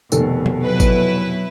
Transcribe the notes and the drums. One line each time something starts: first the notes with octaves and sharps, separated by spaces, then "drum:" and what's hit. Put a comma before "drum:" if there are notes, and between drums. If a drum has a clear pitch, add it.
F1 B2 D#3 A4, drum: tambourine
drum: tom F3
F#3 E4 B4
drum: kick G#1, tambourine